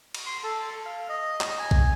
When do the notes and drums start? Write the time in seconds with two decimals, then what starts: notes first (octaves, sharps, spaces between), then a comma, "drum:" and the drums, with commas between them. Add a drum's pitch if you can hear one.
0.14 drum: cymbal
0.26 C6
0.44 A4
0.86 F5
1.09 D#5
1.41 drum: clap
1.59 G#5
1.71 drum: kick A#1